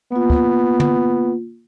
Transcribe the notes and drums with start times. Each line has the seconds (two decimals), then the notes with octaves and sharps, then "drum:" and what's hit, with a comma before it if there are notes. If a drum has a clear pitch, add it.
0.12 A#3 B3 F4
0.30 drum: kick
0.80 drum: tom